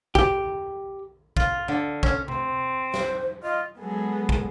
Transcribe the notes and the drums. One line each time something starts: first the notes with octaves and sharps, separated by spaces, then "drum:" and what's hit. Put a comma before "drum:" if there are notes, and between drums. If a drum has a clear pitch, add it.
G4, drum: kick
F4, drum: kick
D3
C#4, drum: kick
C4, drum: tom C3
C5, drum: snare
F4 D#5
F#3 G#3 B3 G#4 A4
drum: kick